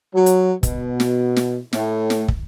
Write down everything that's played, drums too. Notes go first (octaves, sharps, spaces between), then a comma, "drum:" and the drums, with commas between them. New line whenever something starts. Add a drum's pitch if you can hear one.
F#3
drum: hi-hat
B2, drum: kick, hi-hat
drum: snare
drum: snare
A2, drum: snare
drum: snare
drum: kick